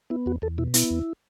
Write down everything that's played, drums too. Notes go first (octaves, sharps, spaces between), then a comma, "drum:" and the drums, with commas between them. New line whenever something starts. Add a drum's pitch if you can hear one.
B3 E4
E2 F#4
E2 A4
B2 E4
B3 E4, drum: hi-hat
E2